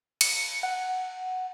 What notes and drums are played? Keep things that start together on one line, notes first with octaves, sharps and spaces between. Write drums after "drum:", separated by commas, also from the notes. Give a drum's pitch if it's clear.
C#7, drum: cymbal
F#5